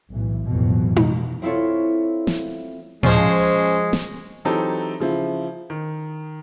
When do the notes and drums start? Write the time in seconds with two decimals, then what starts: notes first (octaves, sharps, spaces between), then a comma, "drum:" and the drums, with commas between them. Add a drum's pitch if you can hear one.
0.10 B1 A2 E3
0.46 A1 F2 B2 E3 F#3
0.96 B2, drum: tom D#4
1.42 C4 E4 F4 A4 C#5
2.27 drum: snare
3.03 F3 G#3 C#4 C5, drum: tom A2
3.93 drum: snare
4.45 E3 F#3 C4 D#4 G4 A4
5.00 C#3 F3 E4
5.70 D#3